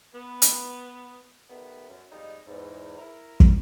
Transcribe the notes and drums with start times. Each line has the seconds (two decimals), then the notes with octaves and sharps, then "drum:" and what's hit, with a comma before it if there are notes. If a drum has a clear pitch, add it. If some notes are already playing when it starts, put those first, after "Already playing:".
0.14 B3
0.42 drum: hi-hat
1.49 D#3 G3 A3 B3
1.89 F#2
2.11 F2 G3 G#3 D#4
2.47 E2 G#2
2.99 E4 A#4 A#5
3.40 drum: kick